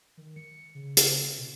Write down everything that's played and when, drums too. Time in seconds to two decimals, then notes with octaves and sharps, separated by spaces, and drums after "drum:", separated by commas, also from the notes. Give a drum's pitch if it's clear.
0.17 D#3
0.36 C#7
0.75 C#3
0.97 drum: hi-hat
1.38 B2